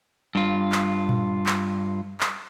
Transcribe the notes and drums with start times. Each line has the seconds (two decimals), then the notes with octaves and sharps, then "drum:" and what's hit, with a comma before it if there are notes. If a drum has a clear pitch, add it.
0.35 G2 F4
0.72 drum: clap
1.09 drum: tom A#2
1.46 drum: clap
2.20 drum: clap